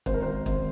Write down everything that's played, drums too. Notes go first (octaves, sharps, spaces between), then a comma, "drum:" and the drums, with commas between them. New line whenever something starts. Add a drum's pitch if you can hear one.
G#1 C5, drum: kick
A#4
G#1 C5
G#1, drum: kick